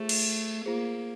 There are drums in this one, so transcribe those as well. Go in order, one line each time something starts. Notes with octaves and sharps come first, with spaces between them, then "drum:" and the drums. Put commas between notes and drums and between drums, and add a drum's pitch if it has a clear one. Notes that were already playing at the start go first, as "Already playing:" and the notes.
Already playing: A3 F4 G#4 C5
drum: cymbal
A#3 F4 G#4 C5